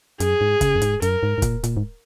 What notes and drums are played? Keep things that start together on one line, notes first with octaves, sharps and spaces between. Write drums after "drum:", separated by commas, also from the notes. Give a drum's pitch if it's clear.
F#2 G#4, drum: hi-hat
G#2
C#3, drum: kick, hi-hat
F#2
G#2, drum: hi-hat
F#2 A#4, drum: hi-hat
G#2
G#2
A#2, drum: kick, hi-hat
A#2, drum: hi-hat
G#2